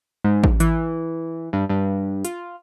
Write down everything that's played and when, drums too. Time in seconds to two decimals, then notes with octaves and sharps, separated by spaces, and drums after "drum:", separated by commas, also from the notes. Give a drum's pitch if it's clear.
0.24 G#2
0.44 drum: kick A1
0.60 E3, drum: hi-hat
1.53 G2
1.69 G2
2.25 F4, drum: hi-hat